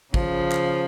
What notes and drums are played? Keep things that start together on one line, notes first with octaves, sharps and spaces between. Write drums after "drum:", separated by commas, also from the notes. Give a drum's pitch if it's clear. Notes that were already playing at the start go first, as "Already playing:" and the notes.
C#3 F3, drum: kick
drum: clap